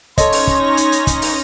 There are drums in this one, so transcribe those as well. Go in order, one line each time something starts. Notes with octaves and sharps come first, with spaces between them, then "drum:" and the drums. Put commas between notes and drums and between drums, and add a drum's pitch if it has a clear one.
C#4 D#4 A4 C#5 D#5 C6 A#6, drum: kick, hi-hat
drum: open hi-hat
drum: kick
drum: hi-hat
drum: hi-hat
drum: kick, hi-hat
drum: open hi-hat